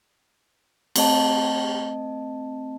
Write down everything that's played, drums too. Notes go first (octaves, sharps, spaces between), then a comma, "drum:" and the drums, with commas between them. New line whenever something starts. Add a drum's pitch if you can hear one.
A3 C4 D#5 A5, drum: cymbal